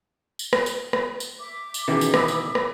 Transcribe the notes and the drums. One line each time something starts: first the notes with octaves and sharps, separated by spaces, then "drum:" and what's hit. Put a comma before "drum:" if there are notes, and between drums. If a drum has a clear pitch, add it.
drum: tambourine
drum: rim click
drum: tambourine
drum: rim click
drum: tambourine
E5 D6
drum: tambourine
B2 D#3 E3 C#4 G#4
drum: tambourine
B5 D#6 E6, drum: rim click
drum: tambourine
drum: rim click